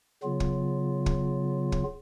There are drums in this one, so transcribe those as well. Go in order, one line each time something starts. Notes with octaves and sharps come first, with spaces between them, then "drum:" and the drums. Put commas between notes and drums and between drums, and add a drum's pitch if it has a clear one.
C#3 F#3 B3 F4
drum: kick
drum: kick
drum: kick